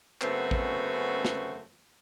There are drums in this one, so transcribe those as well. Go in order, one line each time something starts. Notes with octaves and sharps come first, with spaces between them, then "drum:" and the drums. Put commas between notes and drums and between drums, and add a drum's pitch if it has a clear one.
F#2 C#3 A3 B3 C4 F#4, drum: clap
drum: kick A1
drum: snare